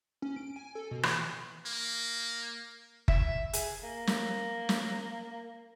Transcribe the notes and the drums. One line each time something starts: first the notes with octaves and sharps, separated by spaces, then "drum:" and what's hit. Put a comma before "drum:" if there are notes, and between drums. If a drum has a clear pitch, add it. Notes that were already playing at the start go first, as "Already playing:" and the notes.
C#4
D7
G#5
A4
B2
E3, drum: rim click
A#3
E5, drum: kick F#1
G#4, drum: hi-hat
A#3
drum: snare
drum: snare